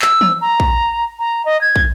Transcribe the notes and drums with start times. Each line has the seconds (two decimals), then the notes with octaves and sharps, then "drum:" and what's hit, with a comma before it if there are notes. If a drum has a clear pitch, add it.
0.02 E6, drum: clap
0.21 drum: tom E3
0.41 A#5
0.60 drum: kick
1.19 A#5
1.45 D#5
1.61 G#6
1.76 drum: kick